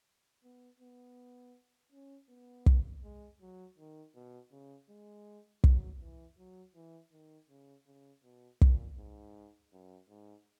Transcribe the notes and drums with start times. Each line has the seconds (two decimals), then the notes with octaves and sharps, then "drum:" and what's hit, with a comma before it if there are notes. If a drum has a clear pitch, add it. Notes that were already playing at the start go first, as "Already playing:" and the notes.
0.44 B3
0.80 B3
1.92 C#4
2.29 B3
2.66 drum: kick
3.04 G#3
3.41 F#3
3.78 D#3
4.15 B2
4.52 C#3
4.89 G#3
5.64 F#3, drum: kick
6.01 E3
6.38 F#3
6.75 E3
7.12 D#3
7.50 C#3
7.87 C#3
8.24 B2
8.61 A#2, drum: kick
8.98 G#2
9.73 F#2
10.10 G#2